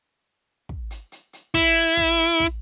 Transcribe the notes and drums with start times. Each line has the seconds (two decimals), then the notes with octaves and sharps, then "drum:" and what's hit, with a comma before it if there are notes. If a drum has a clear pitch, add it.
0.69 drum: kick
0.90 drum: hi-hat
1.12 drum: hi-hat
1.33 drum: hi-hat
1.55 E4, drum: kick, hi-hat
1.97 drum: kick, hi-hat
2.19 drum: hi-hat
2.40 drum: kick, hi-hat